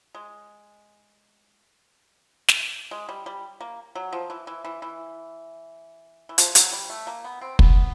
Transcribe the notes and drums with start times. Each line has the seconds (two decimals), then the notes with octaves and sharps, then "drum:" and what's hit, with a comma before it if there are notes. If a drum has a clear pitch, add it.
0.15 G#3
2.48 drum: snare
2.91 G#3
3.09 G3
3.26 G3
3.61 A#3
3.95 F#3
4.13 F3
4.30 E3
4.47 E3
4.65 E3
4.82 E3
6.29 E3
6.38 F3, drum: hi-hat
6.55 F#3, drum: hi-hat
6.73 G3
6.90 A3
7.07 A#3
7.24 B3
7.41 C4
7.59 B3, drum: kick